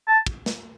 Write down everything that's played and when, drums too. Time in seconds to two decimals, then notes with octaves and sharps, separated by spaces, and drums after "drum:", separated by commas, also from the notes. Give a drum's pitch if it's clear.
0.07 A5
0.26 drum: kick
0.46 drum: snare